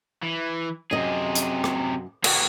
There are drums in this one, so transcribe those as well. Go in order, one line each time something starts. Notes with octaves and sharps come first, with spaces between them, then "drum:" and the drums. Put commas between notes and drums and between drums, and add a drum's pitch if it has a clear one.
E3
F#2 C3 G#4 D#5
drum: hi-hat
drum: rim click
A#3 F#4, drum: cymbal